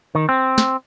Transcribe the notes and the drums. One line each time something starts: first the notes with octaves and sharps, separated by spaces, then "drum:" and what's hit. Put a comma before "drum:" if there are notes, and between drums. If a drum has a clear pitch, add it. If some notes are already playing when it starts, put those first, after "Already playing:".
D#3
C4
drum: snare